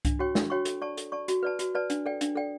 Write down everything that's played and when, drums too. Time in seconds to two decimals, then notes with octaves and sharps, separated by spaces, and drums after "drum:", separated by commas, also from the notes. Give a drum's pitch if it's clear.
0.05 D4, drum: kick C2, hi-hat
0.19 F#4 C#5 G5 C#6
0.35 D4, drum: snare
0.50 F#4 C#5 G5 C#6
0.65 A4, drum: hi-hat
0.82 D5 A5 C#6
0.97 A4, drum: hi-hat
1.12 D5 A5 C#6
1.28 F#4, drum: hi-hat
1.43 B4 D5 A5
1.59 F#4, drum: hi-hat
1.75 B4 D5 A5
1.90 D4, drum: hi-hat
2.06 A4 D5 G5
2.21 D4, drum: hi-hat
2.36 A4 D5 G5